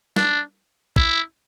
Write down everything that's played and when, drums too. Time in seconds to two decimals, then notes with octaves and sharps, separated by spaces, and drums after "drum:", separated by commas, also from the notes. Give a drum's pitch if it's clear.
0.16 D4, drum: snare
0.96 E4, drum: kick